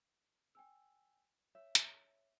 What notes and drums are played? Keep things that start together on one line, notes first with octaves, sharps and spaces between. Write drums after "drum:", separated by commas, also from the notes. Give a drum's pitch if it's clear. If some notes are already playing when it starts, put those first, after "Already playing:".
G5 G#5 E6
C#5 E5
drum: hi-hat